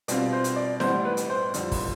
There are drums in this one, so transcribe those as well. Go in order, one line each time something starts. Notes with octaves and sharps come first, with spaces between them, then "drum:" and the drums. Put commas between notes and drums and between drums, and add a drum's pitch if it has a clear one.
B2 G3 C4 F4 D5, drum: hi-hat
C5
drum: hi-hat
D5
A1 A2 G3 B3 C5, drum: snare E4
B4
drum: hi-hat
C5
F2 D3 G3, drum: hi-hat
drum: kick, open hi-hat